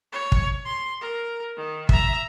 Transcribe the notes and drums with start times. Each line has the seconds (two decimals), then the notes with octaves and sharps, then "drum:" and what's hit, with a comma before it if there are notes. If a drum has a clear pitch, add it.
0.12 C#5
0.32 drum: kick
0.65 C6
1.01 A#4
1.57 D#3
1.89 E5 A#5, drum: kick